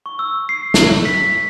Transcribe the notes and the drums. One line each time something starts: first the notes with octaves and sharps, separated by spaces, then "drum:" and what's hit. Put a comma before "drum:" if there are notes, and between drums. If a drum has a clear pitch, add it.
C#6
E6
C7
drum: snare
B6